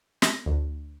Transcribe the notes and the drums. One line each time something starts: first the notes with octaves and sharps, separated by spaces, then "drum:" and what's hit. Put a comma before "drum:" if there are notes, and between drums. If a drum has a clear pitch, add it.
A#6, drum: snare
D2